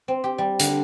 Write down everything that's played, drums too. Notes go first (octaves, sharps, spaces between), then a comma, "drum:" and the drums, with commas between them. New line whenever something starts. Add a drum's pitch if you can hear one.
C4
G4
G3
D3, drum: hi-hat